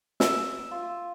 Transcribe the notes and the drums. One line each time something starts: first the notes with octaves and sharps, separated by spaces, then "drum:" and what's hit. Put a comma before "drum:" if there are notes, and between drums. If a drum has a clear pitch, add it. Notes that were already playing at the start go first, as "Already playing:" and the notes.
E5, drum: snare
F4